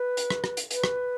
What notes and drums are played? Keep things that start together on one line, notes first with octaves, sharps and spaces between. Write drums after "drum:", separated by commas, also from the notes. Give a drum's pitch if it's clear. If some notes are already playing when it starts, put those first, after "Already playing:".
Already playing: B4
drum: hi-hat
drum: rim click
drum: rim click
drum: hi-hat
B4, drum: hi-hat
drum: rim click